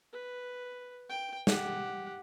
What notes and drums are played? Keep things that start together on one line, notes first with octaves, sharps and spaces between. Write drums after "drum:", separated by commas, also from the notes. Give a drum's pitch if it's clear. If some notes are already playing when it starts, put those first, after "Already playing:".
B4
G5
G4 F#5, drum: snare